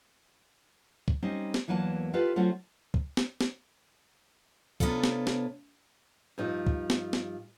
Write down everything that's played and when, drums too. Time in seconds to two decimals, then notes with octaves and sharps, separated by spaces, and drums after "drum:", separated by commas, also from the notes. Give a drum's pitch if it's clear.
1.08 drum: kick
1.22 G3 C4 C#4 D#4
1.54 drum: snare
1.68 E2 E3 F#3 A#3 G#5 A5
2.13 E4 F4 G4 A4 B4 D5
2.36 F#3 A3 C4 C#4 F4 F#4
2.94 drum: kick
3.17 drum: snare
3.41 drum: snare
4.80 C3 B3 C#4 D4 F4 A4, drum: kick
5.04 drum: snare
5.27 drum: snare
6.38 G2 F3 D#4
6.67 drum: kick
6.90 drum: snare
7.13 drum: snare